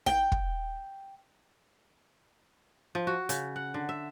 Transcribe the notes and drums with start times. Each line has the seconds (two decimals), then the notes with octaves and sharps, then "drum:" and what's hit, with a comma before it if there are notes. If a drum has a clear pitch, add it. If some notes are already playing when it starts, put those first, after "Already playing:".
0.06 G5, drum: snare
0.32 drum: kick
2.95 F3
3.07 F#4
3.29 C#3, drum: hi-hat
3.56 F#5
3.74 D3
3.89 E5